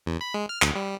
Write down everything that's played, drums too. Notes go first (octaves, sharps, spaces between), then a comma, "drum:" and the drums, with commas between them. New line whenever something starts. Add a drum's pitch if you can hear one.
E2
B5
G#3
F6
D2, drum: clap
G3